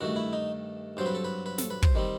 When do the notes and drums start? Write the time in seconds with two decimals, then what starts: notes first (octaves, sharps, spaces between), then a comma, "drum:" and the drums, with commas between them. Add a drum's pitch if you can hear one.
0.01 G2 D#3 A3 F#4
0.16 E4
0.33 D#4
0.97 G2 F#3 C4 C5
1.06 B4
1.15 A4
1.25 B4
1.46 B4
1.58 A4, drum: snare
1.70 B4
1.82 C5, drum: kick
1.95 D#3 G3 C4